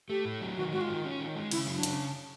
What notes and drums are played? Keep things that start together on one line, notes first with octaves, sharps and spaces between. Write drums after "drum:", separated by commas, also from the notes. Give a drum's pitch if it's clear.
A3 G4
A2
F#3
D#3 F#4
G#3 F#4
F4
D#3
C#4
D#3
G#3
C#3 E4, drum: cymbal
F#3
D4
C#3, drum: hi-hat